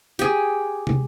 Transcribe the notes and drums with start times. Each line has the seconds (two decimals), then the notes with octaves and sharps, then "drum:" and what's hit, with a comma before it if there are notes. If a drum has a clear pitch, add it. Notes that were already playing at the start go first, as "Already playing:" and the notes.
0.19 G4 G#4, drum: hi-hat
0.87 drum: tom